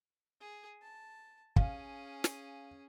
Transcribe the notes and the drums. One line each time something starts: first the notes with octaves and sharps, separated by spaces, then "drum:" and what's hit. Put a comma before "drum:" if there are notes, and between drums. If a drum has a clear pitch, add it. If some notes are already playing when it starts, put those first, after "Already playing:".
G#4
A5
C#4 G#4 F5, drum: kick
drum: snare